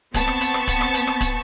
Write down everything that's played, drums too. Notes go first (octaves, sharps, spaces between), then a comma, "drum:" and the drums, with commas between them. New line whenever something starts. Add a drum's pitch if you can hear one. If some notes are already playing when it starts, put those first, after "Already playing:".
B3 C4 A5 C#6, drum: kick, hi-hat
drum: rim click
drum: hi-hat
drum: rim click
drum: kick, hi-hat
drum: rim click
drum: hi-hat
drum: rim click
drum: kick, hi-hat